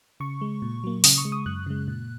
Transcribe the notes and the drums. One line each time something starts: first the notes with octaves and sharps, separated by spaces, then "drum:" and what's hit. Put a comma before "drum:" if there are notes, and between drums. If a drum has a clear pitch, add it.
C#3 C#6
G#3
A#2
F#3 A#3
C#3 D#6, drum: open hi-hat
C#6
G#3
D#6
F#2 F#6
C#3 G#3
A#2